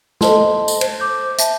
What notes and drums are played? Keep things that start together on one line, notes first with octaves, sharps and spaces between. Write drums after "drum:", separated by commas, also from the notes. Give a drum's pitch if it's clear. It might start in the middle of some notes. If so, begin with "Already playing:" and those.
A4 C5 D#5 A5 C6, drum: snare
drum: tambourine
C5, drum: cymbal
D6 G6
E5 A5, drum: hi-hat